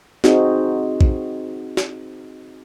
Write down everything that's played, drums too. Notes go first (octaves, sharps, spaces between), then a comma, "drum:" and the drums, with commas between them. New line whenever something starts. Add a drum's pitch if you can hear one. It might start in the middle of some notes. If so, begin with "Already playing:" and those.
C4 D#4 F#4 G#4, drum: snare
drum: kick A#1
drum: snare